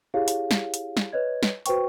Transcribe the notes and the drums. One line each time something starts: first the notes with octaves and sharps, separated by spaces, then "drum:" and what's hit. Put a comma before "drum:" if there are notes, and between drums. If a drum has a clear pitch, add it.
E4 G4 G#4 C#5 F5
drum: hi-hat
drum: snare
drum: hi-hat
drum: snare
B4 C#5 D#5 G#6
drum: snare
F#4 B4 C5 G5 C#6, drum: hi-hat